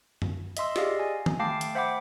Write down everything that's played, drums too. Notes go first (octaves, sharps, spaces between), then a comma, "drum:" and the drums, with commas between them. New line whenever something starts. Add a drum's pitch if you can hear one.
drum: tom
D#5 E5 C6 E6, drum: hi-hat
G4 G#4 D5 D#5 F5, drum: snare
G#5
drum: tom D#3
A3 F5 G5 A5 D6 C7
drum: hi-hat
C5 E5 F#5 G5 B5 D6